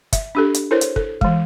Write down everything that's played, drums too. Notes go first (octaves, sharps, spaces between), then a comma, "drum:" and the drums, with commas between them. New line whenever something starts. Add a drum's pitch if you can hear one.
E5, drum: kick, hi-hat
D4 G4 A4
drum: hi-hat
E4 A4 A#4 C5 C#5
drum: hi-hat
A4, drum: kick
E3 G#3, drum: kick